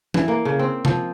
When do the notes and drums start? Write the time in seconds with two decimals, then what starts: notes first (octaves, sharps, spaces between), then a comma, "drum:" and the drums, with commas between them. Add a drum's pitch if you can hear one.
0.14 E3, drum: tom
0.28 A#3
0.45 C#3
0.59 C4
0.85 F3, drum: tom